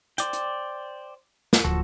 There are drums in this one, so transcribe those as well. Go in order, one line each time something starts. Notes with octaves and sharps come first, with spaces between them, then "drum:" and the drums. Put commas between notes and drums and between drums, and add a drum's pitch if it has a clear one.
C5 D5 G5, drum: hi-hat
drum: hi-hat
drum: snare
D1 F3 F#4 A4